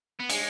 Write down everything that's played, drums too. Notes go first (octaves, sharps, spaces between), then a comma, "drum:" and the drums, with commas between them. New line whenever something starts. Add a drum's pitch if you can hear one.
B3
G#3, drum: cymbal